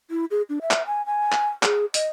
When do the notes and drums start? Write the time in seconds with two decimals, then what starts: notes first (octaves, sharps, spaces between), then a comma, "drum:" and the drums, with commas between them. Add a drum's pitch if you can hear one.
0.10 E4
0.31 G#4
0.49 D4
0.62 E5
0.71 drum: clap
0.87 G#5
1.06 G#5
1.32 drum: clap
1.63 G#4, drum: clap
1.94 D#5, drum: hi-hat